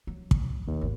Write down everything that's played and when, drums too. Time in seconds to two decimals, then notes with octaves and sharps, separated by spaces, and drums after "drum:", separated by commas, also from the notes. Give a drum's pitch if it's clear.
0.07 F#3
0.31 drum: kick
0.67 D#2
0.81 G#1